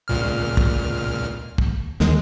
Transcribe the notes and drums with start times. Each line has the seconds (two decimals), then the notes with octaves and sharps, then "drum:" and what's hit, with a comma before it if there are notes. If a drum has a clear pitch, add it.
0.08 C#2 A#2 F6
0.57 drum: kick
1.58 drum: kick
2.00 D#2 G#3, drum: snare